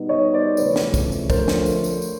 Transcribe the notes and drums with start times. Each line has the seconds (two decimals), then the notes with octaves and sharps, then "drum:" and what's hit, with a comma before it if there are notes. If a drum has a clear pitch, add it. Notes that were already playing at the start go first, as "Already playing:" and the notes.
Already playing: B2 G3 B3 D#4
0.09 C#5 D#5
0.34 C5 D5
0.57 E2 C#3 F3 A3 C#4 B4 C#5, drum: tambourine
0.76 drum: snare
0.94 drum: kick, tambourine
1.12 drum: tambourine
1.30 D3 F3 A3 A#4 C5, drum: kick, tambourine
1.48 drum: snare
1.66 drum: tambourine
1.84 drum: tambourine
2.02 drum: tambourine